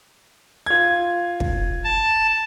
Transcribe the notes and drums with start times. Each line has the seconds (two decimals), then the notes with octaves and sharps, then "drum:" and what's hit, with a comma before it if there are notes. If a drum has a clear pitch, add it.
0.66 F4 G#6
1.40 drum: kick
1.84 A5